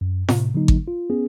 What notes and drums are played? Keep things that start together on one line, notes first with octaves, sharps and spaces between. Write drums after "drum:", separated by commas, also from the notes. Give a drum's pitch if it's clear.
F#2
A2 C3, drum: snare F4
D3 F#3 A#3 D#4
drum: kick G#1
F4
B3 C#4 G#4